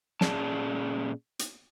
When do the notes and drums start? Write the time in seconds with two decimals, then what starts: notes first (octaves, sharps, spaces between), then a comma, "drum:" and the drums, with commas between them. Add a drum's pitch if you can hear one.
0.21 A#2 C#4 G#4 D5 A5, drum: snare
1.39 drum: hi-hat